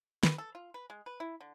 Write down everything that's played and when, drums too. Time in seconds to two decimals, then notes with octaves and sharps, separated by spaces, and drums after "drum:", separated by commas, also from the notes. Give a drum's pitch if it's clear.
0.23 B4, drum: snare
0.38 A4
0.55 F4
0.74 B4
0.90 G#3
1.06 B4
1.20 E4
1.40 D3